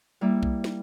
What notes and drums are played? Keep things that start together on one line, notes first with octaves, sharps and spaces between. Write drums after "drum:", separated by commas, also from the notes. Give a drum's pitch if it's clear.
G3 A#3 E4
drum: kick B1
drum: snare